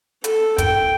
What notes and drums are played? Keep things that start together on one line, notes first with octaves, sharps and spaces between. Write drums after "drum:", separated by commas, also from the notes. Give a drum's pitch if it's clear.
A4, drum: hi-hat
G5, drum: kick, hi-hat